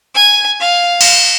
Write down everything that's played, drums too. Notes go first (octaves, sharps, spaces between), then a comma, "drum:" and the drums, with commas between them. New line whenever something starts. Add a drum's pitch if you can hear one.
G#5
F5
drum: cymbal